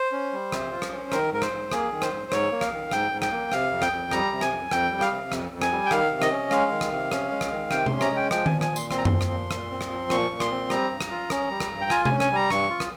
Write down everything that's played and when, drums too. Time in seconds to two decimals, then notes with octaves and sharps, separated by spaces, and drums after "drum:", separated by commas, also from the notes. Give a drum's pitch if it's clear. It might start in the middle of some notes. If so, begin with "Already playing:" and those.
Already playing: C5
0.12 C#4
0.32 G3
0.52 C3, drum: rim click
0.72 F4
0.82 drum: rim click
0.92 C#4
1.12 D#3 A#4, drum: rim click
1.32 G#2 A#4
1.42 C5, drum: rim click
1.52 G#2
1.72 A#3 G#4, drum: rim click
1.92 D#3
2.02 C5, drum: rim click
2.11 G#2
2.32 G#2 C#5, drum: rim click
2.52 A#3
2.61 F5, drum: rim click
2.72 D#3
2.91 G#2 G5, drum: rim click
3.12 G#2
3.22 G5, drum: rim click
3.32 A#3
3.52 C3 F5, drum: rim click
3.71 F2
3.82 G5, drum: rim click
3.92 F2
4.11 G3 A#5, drum: rim click
4.32 C3
4.41 G#5, drum: rim click
4.52 F2
4.71 F2 G5, drum: rim click
4.91 G3
5.01 F5, drum: rim click
5.11 C3
5.32 F2, drum: rim click
5.51 F2
5.62 G#5, drum: rim click
5.71 G3
5.86 G5
5.91 D#3 F5, drum: rim click
6.11 C3
6.22 D#5, drum: rim click
6.31 C#4
6.51 G#3 F5, drum: rim click
6.71 D#3
6.81 drum: rim click
6.92 C3
7.12 C#4, drum: rim click
7.31 G#3
7.41 drum: rim click
7.51 D#3
7.71 C3 G5, drum: rim click
7.86 C#4 C6, drum: tom C3
8.01 A#5, drum: rim click
8.11 G#3
8.16 G5
8.31 F3 G5, drum: rim click
8.46 G#5, drum: tom D#3
8.51 A#2
8.61 G#5, drum: rim click
8.70 A#2
8.76 C6, drum: tambourine
8.91 C4 C6, drum: rim click
8.98 A#5
9.05 C6, drum: tom F#2
9.11 F3
9.21 drum: rim click
9.31 A#2
9.51 A#2, drum: rim click
9.71 C4
9.81 drum: rim click
9.91 F3
10.10 A#2 C#6, drum: rim click
10.31 A#2
10.40 C6, drum: rim click
10.51 C4
10.70 G3 A#5, drum: rim click
10.90 G2
11.01 drum: rim click
11.11 F4
11.30 C#4, drum: rim click
11.50 G3
11.60 drum: rim click
11.70 G2
11.81 G5
11.90 F4 G#5, drum: rim click
12.05 C#4 G#5, drum: tom C3
12.20 G#5, drum: rim click
12.31 G3 A#5
12.50 G2 C#6, drum: rim click
12.70 F4
12.80 drum: rim click